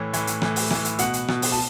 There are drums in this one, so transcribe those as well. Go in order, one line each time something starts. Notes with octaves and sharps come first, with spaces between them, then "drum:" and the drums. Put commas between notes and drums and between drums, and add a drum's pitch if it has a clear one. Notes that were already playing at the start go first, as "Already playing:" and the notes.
Already playing: A2 E3 C#5
A2 E3, drum: hi-hat
drum: hi-hat
A2 E3, drum: rim click
drum: open hi-hat
A2 E3, drum: rim click
drum: hi-hat
B2 F#5, drum: hi-hat
drum: hi-hat
B2, drum: rim click
drum: open hi-hat
A5